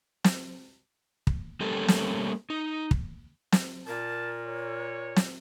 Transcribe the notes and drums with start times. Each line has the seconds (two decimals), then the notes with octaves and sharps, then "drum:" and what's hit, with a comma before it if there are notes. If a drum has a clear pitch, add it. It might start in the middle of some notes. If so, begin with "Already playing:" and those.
0.24 drum: snare
1.27 drum: kick
1.60 G3 A3 A#3 C#4 G4 A4
1.88 drum: snare
2.50 D#4
2.91 drum: kick
3.52 drum: snare
3.87 A#2 A#4 A5
4.46 C#5
5.16 drum: snare